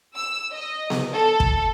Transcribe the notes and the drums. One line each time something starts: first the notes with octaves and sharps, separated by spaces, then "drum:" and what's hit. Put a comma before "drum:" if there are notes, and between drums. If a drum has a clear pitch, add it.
E6
D#5
drum: snare B3
A4
drum: kick